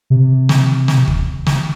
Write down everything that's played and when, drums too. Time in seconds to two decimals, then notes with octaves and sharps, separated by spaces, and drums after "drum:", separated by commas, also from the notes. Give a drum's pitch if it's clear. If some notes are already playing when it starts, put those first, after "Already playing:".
0.10 C3
0.49 drum: snare
0.88 drum: snare
1.08 drum: kick
1.47 drum: snare